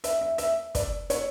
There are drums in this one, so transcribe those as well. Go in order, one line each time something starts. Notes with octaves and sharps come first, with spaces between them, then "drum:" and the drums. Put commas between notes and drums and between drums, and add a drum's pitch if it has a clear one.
E5, drum: hi-hat
E5
E5, drum: hi-hat
D5, drum: kick, hi-hat
C#5, drum: hi-hat